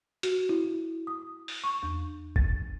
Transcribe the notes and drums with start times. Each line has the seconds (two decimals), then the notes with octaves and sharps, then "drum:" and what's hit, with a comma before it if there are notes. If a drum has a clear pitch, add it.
0.23 F#4, drum: hi-hat
0.49 E4
1.07 D#6
1.48 drum: open hi-hat
1.64 C#6
1.83 E2
2.36 A6, drum: kick G1